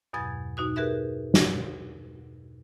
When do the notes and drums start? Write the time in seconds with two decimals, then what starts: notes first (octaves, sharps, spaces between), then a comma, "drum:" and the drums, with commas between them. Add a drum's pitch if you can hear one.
0.13 E2 G2 B2 F#3 G#6 A6
0.57 B2 D#4 F#4 D#6
0.76 G4 G#4 A#4 B4 E5 F#6
1.34 drum: snare